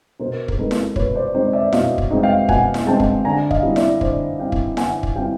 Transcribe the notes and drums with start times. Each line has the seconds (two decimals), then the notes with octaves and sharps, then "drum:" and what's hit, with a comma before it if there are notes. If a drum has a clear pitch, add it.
0.20 B2 A#4 C5
0.48 A#4, drum: kick
0.58 G#3 C4 D#4 A4 B4
0.71 drum: snare E4
0.96 B2 B4 C#5, drum: kick
1.16 C5 D5
1.34 G#3 C4 D#4 C5 D5
1.53 D5 E5
1.73 B2 D#5 F5, drum: snare E4
1.98 drum: kick
2.10 G#3 C4 D#4
2.23 F5 G5
2.49 B2 F#5 G#5, drum: kick
2.74 drum: snare E4
2.86 G#3 C4 D#4 G5 A5
3.00 drum: kick
3.25 D3 G#5 A#5
3.51 D#5 F5, drum: kick
3.63 G3 C4 E4
3.76 D5 E5, drum: snare E4
4.01 D3 C5 D5, drum: kick
4.39 G3 C4 E4 F5 G5
4.52 drum: kick
4.77 D3 F#5 G#5, drum: snare E4
5.03 drum: kick
5.16 G3 C4 E4 F5 G5